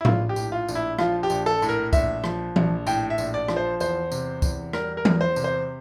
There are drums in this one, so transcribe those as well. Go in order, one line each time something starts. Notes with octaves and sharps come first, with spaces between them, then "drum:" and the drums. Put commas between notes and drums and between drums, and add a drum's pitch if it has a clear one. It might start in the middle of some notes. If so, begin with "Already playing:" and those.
E4
A#1 F4, drum: tom A2
G4
A2, drum: tambourine
F4
A#1, drum: tambourine
E4
F3 F4, drum: rim click
G4
A#1, drum: tambourine
A4
A2, drum: tambourine
A#4
A#1 E5, drum: kick C2, tambourine
F3, drum: rim click
A#1, drum: tom E3
A2 G5, drum: tambourine
E5
A#1, drum: tambourine
D5
F3, drum: rim click
C5
E2 C5, drum: tambourine
C3, drum: tambourine
E2, drum: kick C2, tambourine
G3 A#4, drum: rim click
A#4
E2, drum: tom E3
C5
C3, drum: tambourine
C5